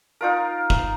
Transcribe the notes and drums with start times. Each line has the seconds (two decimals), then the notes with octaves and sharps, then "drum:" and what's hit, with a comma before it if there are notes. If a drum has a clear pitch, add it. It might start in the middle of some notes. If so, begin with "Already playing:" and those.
0.21 D#4 F4 A#4
0.70 drum: kick